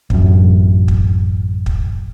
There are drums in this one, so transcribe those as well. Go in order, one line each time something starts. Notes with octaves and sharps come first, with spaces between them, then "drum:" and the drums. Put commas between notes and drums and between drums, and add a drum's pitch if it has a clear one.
A1 F#2, drum: kick
drum: kick
drum: kick